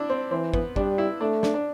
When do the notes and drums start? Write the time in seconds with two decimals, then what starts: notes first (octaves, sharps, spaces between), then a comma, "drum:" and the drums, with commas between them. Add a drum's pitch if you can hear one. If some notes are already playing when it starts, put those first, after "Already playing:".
Already playing: D4 E4
0.09 C4
0.31 E3 C4
0.54 B3, drum: kick
0.76 G3 D4, drum: kick
0.98 E4
1.21 A3 D4
1.43 D4, drum: snare
1.54 D4